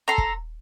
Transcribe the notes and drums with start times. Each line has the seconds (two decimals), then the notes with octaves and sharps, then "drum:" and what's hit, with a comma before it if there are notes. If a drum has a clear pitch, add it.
0.08 A4 A#5 C6
0.18 drum: kick